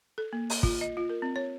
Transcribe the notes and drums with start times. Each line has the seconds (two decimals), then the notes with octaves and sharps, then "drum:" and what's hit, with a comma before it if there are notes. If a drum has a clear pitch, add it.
0.18 A4
0.33 A#3
0.50 drum: open hi-hat
0.63 F4, drum: kick
0.81 D#5
0.97 F4
1.10 A#4
1.22 C4
1.36 C#5